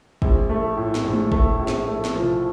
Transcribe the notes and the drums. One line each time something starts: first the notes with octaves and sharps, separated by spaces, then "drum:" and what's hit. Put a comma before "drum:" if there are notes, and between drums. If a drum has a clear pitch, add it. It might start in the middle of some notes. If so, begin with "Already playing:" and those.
A#1, drum: kick
A3
A2
drum: snare
A#1
drum: tom G#3
A3, drum: kick
A#1
drum: snare
A3
drum: snare
F3
drum: tom B2